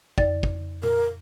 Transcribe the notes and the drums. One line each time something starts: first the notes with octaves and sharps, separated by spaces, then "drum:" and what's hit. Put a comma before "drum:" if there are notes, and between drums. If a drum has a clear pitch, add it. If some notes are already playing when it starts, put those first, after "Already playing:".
F2 D5 A6, drum: kick
drum: kick
A#4, drum: tom A#2